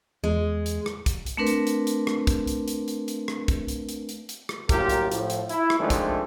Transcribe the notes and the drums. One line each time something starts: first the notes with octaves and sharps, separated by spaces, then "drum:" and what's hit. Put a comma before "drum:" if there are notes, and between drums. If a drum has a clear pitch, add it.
E2 G#3
drum: hi-hat
drum: rim click
drum: kick, hi-hat
drum: hi-hat
A3 C4 D4 A#4 B4
drum: hi-hat
drum: hi-hat
drum: hi-hat
drum: rim click
drum: kick, hi-hat
drum: hi-hat
drum: hi-hat
drum: hi-hat
drum: hi-hat
drum: rim click
drum: kick, hi-hat
drum: hi-hat
drum: hi-hat
drum: hi-hat
drum: hi-hat
drum: rim click
A#1 F#2 A2 F4 G4 A#4, drum: kick, hi-hat
drum: hi-hat
A2 F3, drum: hi-hat
drum: hi-hat
E4, drum: hi-hat
drum: rim click
F2 D#3 F3 G#3 A3 D4
drum: kick, hi-hat